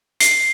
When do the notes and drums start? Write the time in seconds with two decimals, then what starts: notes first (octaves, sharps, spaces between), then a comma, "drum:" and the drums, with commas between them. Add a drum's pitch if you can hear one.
0.20 C7, drum: hi-hat